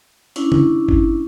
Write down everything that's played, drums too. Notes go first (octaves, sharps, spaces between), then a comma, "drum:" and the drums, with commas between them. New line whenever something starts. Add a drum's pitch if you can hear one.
C#4 D4 E4, drum: hi-hat
drum: tom
drum: kick G1